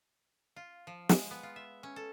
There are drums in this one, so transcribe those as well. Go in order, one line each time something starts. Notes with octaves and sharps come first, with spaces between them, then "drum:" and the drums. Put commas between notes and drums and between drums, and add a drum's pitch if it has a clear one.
F4
F3
G#3, drum: snare
B3
F4
E5
C#4
A4